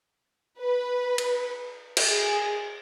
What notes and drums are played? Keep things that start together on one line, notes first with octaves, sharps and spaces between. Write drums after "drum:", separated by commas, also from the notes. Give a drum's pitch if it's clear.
B4
drum: cymbal
drum: cymbal
G#4